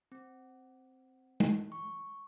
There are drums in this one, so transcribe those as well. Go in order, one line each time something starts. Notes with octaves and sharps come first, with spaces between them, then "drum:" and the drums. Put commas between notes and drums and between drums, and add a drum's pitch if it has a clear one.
C4
drum: tom
C#6